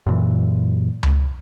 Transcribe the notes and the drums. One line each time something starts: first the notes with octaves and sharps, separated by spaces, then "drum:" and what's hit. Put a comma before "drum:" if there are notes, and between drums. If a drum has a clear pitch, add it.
F#2 A#2 E3
drum: tom C#2